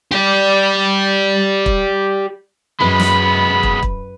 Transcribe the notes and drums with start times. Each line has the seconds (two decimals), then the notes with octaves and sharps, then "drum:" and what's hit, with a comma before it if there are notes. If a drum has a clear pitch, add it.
0.11 G4 D5
1.66 drum: kick
2.80 F#2 G#3 B3 B4 B5
3.00 drum: snare
3.63 drum: kick
3.83 drum: kick